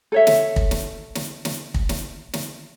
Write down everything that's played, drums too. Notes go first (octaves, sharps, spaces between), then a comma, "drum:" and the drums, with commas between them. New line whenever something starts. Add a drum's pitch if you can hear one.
A4 C#5 E5
drum: snare
drum: kick
drum: snare
drum: snare
drum: snare
drum: kick
drum: snare
drum: snare